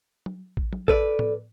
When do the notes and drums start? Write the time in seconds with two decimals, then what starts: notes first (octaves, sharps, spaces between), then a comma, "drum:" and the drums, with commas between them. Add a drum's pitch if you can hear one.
0.26 drum: tom F#3
0.57 drum: kick A1
0.73 drum: tom F#3
0.88 A4 B4 D5, drum: kick A1
1.19 drum: tom A2